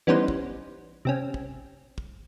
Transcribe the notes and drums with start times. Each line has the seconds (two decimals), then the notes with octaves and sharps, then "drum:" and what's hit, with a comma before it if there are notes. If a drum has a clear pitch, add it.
0.07 E3 G3 B3 C#4 D#4 C5
0.28 drum: kick
1.05 C3 C4 C#4
1.34 drum: kick
1.98 drum: kick